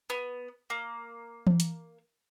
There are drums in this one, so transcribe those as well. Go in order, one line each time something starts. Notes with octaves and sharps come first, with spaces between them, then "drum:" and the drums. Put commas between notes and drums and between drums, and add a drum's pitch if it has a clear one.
B3
A#3
drum: tom E3
drum: hi-hat